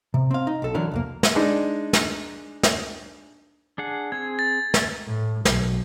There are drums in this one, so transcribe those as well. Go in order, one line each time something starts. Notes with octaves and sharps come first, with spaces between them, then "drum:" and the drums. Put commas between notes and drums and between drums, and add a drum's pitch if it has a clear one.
C3
C4 F5
D#4
B1 A4
D3 E3 F#3 D4 A#4
C2 F2 A#3
drum: snare
G#3 D4 D#4
drum: snare
drum: snare
D4 G#4 F#5
C4 G#4 G#6
A6
drum: snare
A2
B1, drum: snare